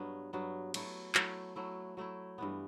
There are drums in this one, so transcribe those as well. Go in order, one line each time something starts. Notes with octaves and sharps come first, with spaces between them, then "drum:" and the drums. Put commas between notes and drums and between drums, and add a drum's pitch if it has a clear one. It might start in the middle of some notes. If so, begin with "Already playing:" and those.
Already playing: G2 F#3 B3
G2 F#3 B3
F#3 A3 E4, drum: cymbal
F#3 A3 E4, drum: clap
F#3 A3 E4
F#3 A3 E4
G2 E3 B3